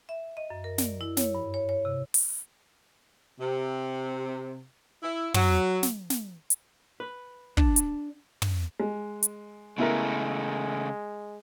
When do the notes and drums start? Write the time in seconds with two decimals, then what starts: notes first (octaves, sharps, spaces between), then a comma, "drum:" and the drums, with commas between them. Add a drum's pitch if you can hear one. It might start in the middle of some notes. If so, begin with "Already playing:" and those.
0.09 E5
0.37 D#5
0.50 F#2
0.64 A#4
0.78 D5, drum: snare
1.01 E4
1.17 C#5, drum: snare
1.35 G2
1.54 C#5
1.69 C#5
1.85 C3
2.14 drum: open hi-hat
3.39 C3
5.02 E4
5.34 F#3, drum: tom
5.83 drum: snare
6.10 drum: snare
6.50 drum: hi-hat
7.00 B4
7.57 D4, drum: kick
7.76 drum: hi-hat
8.42 drum: tom
8.80 G#3
9.23 drum: hi-hat
9.78 C#3 G#3 A3 B3 E4 A#4